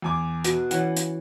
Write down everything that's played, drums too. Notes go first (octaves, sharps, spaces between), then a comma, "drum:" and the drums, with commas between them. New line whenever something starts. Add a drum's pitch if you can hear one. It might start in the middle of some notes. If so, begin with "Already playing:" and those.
E2 G#5 D6
B2, drum: hi-hat
E3 C#4 D5 F#5, drum: hi-hat
drum: hi-hat